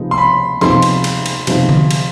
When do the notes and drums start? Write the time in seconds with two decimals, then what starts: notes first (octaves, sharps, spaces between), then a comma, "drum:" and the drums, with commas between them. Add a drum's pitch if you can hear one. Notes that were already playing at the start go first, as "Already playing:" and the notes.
Already playing: C3 F3 G#3 B3 D#4
0.11 C6
0.18 B5
0.61 C3 F3 G#3 B3 D#4 C6, drum: snare
0.82 drum: cymbal
1.04 drum: cymbal
1.26 drum: cymbal
1.47 C3 F3 G#3 B3 D#4, drum: cymbal
1.69 drum: tom D3
1.91 drum: cymbal